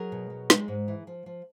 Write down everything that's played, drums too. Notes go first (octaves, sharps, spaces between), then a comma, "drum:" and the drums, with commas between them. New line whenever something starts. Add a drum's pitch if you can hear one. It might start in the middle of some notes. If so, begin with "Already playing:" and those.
Already playing: F#3 G#4 A#4
B2
F#3
G#3, drum: snare
G#2
E3
F3
F3